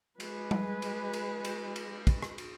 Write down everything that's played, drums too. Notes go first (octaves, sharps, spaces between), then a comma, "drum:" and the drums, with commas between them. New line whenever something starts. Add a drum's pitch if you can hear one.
G#3 B4, drum: cymbal
drum: tom G3
drum: cymbal
drum: cymbal
drum: cymbal
drum: cymbal
drum: kick, cymbal
drum: rim click
drum: cymbal